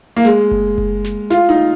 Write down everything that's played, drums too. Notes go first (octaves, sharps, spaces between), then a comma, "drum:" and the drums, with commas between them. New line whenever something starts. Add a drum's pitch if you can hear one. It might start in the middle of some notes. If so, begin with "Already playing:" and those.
A#3
G#3, drum: snare
drum: kick F#1
drum: kick F#1
drum: snare
F4, drum: snare
D#4